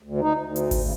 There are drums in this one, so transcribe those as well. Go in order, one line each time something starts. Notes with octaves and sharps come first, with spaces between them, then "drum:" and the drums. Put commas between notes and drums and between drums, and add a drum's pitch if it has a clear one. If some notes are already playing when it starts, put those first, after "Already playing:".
D2
D#4
D2
drum: hi-hat
drum: kick G#1, open hi-hat
C#3